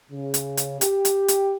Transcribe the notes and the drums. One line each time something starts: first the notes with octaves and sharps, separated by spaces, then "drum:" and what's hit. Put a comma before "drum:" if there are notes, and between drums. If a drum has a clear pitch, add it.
C#3
drum: hi-hat
drum: hi-hat
G4, drum: hi-hat
drum: hi-hat
drum: hi-hat